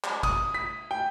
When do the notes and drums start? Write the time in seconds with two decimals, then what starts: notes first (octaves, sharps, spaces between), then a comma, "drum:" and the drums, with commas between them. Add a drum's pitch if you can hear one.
0.04 drum: clap
0.23 D#6, drum: kick, cymbal
0.54 B6
0.91 G5